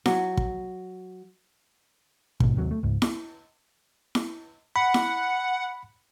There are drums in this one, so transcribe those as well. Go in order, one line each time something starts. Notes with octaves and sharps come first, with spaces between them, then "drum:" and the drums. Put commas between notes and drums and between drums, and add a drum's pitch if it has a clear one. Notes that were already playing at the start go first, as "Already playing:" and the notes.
F#3, drum: snare E4
drum: kick
B1 G#2 B2, drum: kick
D#2 C3 F#3
A3
C#2 G#2
drum: snare E4
drum: snare E4
F#5 B5
drum: snare E4